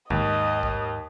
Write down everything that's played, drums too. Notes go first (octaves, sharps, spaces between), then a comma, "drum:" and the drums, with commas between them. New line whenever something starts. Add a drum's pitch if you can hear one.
D#2 G#2 D#5, drum: kick
drum: kick